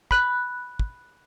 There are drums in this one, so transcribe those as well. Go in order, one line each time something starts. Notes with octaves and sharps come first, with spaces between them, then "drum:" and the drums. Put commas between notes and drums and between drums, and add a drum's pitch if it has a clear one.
B5 F#6, drum: kick
drum: kick